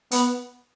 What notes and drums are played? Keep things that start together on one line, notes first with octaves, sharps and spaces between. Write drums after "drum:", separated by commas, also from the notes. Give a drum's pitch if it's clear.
B3, drum: hi-hat